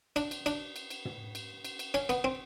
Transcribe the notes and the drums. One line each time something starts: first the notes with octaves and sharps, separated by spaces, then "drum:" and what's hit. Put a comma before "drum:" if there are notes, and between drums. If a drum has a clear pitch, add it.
D4, drum: cymbal
drum: cymbal
D4, drum: cymbal
drum: cymbal
drum: cymbal
drum: tom
drum: cymbal
drum: cymbal
drum: cymbal
C#4, drum: cymbal
B3, drum: cymbal
C4